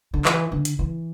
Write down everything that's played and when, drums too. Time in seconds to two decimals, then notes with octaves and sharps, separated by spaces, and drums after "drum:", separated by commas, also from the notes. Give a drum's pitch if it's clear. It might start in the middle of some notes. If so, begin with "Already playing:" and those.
0.14 D3
0.25 E3, drum: clap
0.52 D3
0.65 drum: hi-hat
0.79 E3